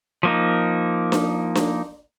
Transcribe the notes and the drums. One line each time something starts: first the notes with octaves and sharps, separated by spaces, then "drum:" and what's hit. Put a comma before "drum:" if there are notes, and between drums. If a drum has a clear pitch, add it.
F3 A#3 D#4
drum: snare D4
drum: snare D4